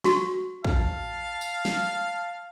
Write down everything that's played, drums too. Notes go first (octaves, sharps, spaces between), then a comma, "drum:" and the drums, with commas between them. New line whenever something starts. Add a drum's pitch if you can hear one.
F#4 C#6, drum: snare
F5 A5, drum: kick
drum: tambourine
drum: snare